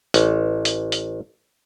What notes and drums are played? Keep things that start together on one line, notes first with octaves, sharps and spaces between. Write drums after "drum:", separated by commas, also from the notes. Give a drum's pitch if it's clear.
A1, drum: hi-hat
drum: hi-hat
drum: hi-hat